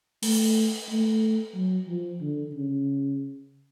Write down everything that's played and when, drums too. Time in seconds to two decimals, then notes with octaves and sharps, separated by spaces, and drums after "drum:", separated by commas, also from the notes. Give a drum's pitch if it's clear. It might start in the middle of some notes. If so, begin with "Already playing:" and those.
0.23 A3, drum: open hi-hat
0.89 A3
1.55 F#3
1.88 F3
2.21 D3
2.54 C#3